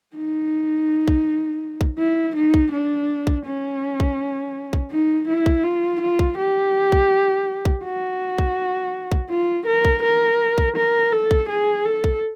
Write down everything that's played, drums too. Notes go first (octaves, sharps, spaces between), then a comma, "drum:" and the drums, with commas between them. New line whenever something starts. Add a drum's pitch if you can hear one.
D#4
drum: kick
drum: kick
E4
D#4
drum: kick
D4
drum: kick
C#4
drum: kick
drum: kick
D#4
E4
drum: kick
F4
F4
drum: kick
G4
drum: kick
drum: kick
F#4
drum: kick
drum: kick
F4
A#4
drum: kick
A#4
drum: kick
A#4
A4
drum: kick
G#4
A4
drum: kick